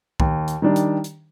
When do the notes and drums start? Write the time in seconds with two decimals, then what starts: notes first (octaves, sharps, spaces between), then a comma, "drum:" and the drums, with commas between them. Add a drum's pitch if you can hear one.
0.20 D#2, drum: kick C2
0.48 drum: hi-hat
0.62 D#3 G3 D4
0.76 drum: hi-hat
1.04 drum: hi-hat